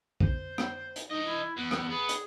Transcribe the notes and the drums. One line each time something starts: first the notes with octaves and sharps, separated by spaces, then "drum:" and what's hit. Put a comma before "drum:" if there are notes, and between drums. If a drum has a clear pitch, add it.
C5, drum: kick
drum: rim click
drum: hi-hat
E3 D#4 D#5
E4
E2 F#5
drum: rim click
B3 G#4
drum: hi-hat